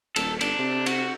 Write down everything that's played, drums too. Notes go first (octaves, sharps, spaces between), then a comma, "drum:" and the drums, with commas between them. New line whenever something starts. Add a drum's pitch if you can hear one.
D#1 A4, drum: cymbal
G1 D4, drum: cymbal
C3
F#4, drum: cymbal